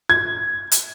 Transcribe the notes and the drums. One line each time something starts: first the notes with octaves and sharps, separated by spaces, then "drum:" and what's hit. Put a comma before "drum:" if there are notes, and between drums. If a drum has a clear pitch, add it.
G#6
drum: hi-hat